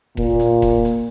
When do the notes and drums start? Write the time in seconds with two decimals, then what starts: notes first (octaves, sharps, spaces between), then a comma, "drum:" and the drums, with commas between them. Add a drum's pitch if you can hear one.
0.17 A#2, drum: kick E1
0.39 drum: hi-hat
0.62 drum: kick E1, hi-hat
0.85 drum: hi-hat